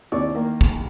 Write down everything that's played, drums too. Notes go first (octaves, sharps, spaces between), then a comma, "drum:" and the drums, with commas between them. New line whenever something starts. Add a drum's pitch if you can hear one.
D#2 C3 E4 D5 C#6 D6
D#3 A#3
drum: kick